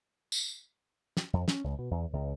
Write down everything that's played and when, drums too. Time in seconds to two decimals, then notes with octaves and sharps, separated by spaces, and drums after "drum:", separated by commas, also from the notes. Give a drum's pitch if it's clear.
0.32 drum: tambourine
1.17 drum: snare
1.33 F2
1.48 C#4, drum: snare
1.64 C#2
1.79 B2
1.91 E2
2.13 C#2